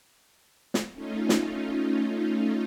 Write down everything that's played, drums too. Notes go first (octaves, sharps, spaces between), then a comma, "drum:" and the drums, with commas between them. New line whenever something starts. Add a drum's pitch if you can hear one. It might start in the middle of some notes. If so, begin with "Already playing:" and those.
drum: snare
A3 C#4 D#4 F4
drum: snare